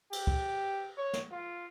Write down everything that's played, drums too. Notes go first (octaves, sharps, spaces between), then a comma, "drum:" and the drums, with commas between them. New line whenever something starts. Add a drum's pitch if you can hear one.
G4, drum: cymbal
drum: kick
C#5
drum: snare
F4